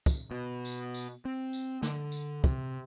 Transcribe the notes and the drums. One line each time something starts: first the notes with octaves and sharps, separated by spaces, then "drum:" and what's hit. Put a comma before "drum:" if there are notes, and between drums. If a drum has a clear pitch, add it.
drum: kick, tambourine
B2
drum: tambourine
drum: tambourine
C4
drum: tambourine
D3, drum: snare
drum: tambourine
C3, drum: kick